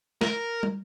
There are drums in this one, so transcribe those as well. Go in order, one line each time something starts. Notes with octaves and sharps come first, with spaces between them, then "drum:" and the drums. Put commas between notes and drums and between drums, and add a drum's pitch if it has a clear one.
A#4, drum: snare
drum: tom